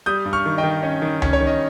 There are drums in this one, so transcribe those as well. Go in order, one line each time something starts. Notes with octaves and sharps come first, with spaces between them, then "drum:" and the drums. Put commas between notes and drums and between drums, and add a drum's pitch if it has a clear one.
G3 D#6 G6
G2
C#6 F6
D#3
D#5 G5
D#3
C#4 D#5
D#3
C#4, drum: tom C#2
C#5
D#3
D#5